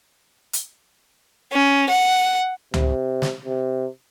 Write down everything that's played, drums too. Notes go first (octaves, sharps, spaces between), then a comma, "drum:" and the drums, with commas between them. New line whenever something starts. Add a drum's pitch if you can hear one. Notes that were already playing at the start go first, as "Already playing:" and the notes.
drum: hi-hat
C#4
F#5
C3, drum: tom C#2
drum: snare
C3